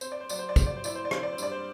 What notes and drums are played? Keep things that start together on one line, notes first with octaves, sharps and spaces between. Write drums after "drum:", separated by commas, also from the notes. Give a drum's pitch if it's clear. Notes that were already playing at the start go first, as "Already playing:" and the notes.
C4 C5, drum: tambourine
D5
C5
F#3 D5, drum: tambourine
C5
D5
F#3 C5, drum: kick, tambourine
D5
C5
E4 D5, drum: tambourine
C5
D5
C4 C5, drum: rim click
D5
C5
G2 D5, drum: tambourine
C5